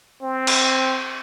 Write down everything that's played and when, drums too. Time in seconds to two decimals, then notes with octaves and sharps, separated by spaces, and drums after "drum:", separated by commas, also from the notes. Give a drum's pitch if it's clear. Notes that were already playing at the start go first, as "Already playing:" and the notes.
0.23 C4
0.47 drum: cymbal